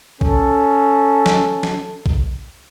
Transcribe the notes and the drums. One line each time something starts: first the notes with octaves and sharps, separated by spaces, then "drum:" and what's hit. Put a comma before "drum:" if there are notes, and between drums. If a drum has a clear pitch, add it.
C#4 A4, drum: kick A#1
drum: snare
drum: snare
drum: kick A#1